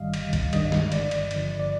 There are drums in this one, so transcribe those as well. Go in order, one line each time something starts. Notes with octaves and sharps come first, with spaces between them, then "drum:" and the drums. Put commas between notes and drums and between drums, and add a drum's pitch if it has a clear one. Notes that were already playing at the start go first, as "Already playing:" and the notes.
Already playing: G1 G2 D#3 G3 D#5 F5
G1, drum: cymbal
drum: kick B1, cymbal
G2 D#3 G3 D#5, drum: cymbal
drum: snare
G1 D5, drum: cymbal
drum: cymbal
G2 D3 F3, drum: cymbal
D5